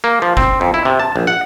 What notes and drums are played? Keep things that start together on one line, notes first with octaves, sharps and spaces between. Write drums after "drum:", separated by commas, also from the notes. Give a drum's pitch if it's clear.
A#3
F3
C4, drum: kick G1
F2
E4
C3
A5
A#1
F#5